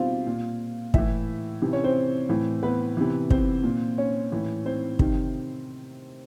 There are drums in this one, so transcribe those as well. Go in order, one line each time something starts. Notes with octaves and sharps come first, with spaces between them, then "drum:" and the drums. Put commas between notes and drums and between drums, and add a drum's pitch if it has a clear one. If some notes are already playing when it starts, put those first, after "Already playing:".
Already playing: B2 G3 C4 F4 G4 C5 F5
A#2
A2 E3 E4 E5, drum: kick
C3 E3
C#4 C#5
C4 C5
A2 E3
B3 B4
C3 E3
C4 C5, drum: kick
A#2
C#4 C#5
A2 E3
C4 C5
C3 D#3, drum: kick